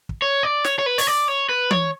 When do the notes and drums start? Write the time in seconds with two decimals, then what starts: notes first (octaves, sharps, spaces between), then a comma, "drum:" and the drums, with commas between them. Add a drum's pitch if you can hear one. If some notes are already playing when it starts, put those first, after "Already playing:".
0.09 drum: kick
0.22 C#5
0.43 D5
0.64 C#5, drum: snare
0.79 C#5
0.86 B4
0.98 C#5, drum: open hi-hat
1.07 D5
1.28 C#5
1.49 B4
1.71 C#5, drum: tom E3